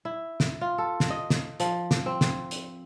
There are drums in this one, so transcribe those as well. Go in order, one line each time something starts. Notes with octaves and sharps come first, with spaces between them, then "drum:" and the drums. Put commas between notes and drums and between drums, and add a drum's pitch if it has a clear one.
E4
drum: snare
F4
A4
drum: snare
D#5
drum: snare
F3, drum: hi-hat
drum: snare
C4
drum: snare
drum: hi-hat